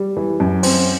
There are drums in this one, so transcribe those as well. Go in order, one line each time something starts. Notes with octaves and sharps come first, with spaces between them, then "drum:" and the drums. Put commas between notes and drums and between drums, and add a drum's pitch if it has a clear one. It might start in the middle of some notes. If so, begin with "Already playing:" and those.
Already playing: G3
E3
F#2
C4, drum: open hi-hat